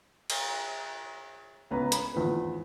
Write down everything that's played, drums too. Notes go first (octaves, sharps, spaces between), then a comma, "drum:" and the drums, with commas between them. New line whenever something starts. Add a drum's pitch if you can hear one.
drum: cymbal
C#2 B3 C#4 B4 A#5
B5, drum: hi-hat
G#1 E2 F3 B4